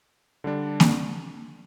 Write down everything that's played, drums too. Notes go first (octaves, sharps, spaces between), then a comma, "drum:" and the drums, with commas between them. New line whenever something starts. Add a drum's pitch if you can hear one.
D3 G3 D4
drum: snare A#3